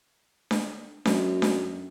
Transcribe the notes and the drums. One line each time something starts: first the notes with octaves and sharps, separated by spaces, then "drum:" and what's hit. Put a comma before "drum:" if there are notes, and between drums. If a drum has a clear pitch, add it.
drum: snare D4
F#2, drum: snare D4
drum: snare D4